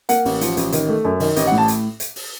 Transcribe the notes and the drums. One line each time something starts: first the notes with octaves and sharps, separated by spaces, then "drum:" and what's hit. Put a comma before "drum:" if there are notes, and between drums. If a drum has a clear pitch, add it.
A#3 F#5, drum: hi-hat
A1, drum: open hi-hat
F3, drum: hi-hat
A1, drum: hi-hat
D#3, drum: hi-hat
A3
F#2
D#3, drum: open hi-hat
A1 D#5, drum: hi-hat
F#5
A2
A5
drum: hi-hat
drum: hi-hat
drum: open hi-hat